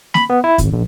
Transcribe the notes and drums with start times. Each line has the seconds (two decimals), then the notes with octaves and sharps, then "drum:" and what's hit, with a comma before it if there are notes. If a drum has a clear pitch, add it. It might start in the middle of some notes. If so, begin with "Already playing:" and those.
0.14 B5, drum: snare
0.30 B3
0.44 E4
0.58 G#1, drum: kick, hi-hat
0.73 A#1